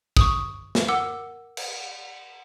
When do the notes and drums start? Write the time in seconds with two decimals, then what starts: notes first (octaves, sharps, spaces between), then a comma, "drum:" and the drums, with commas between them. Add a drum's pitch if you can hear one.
0.17 C#6 D#6, drum: kick
0.75 drum: snare
0.88 A#4 F#5 D6 E6
1.57 drum: cymbal